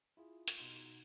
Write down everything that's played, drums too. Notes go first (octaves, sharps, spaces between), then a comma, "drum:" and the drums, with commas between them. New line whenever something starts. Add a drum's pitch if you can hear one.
E4 F4 G#4
drum: hi-hat
B2 D#4 F#5 C6